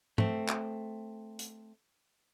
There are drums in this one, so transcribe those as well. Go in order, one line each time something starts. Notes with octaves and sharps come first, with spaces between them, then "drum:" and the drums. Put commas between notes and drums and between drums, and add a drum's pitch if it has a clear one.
A3 C4, drum: tom G#2
drum: clap
drum: hi-hat